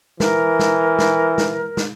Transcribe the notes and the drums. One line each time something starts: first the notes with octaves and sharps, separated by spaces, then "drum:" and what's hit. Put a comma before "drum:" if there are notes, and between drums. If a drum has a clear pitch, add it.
E3 A#4, drum: snare
drum: snare
drum: snare
drum: snare
drum: snare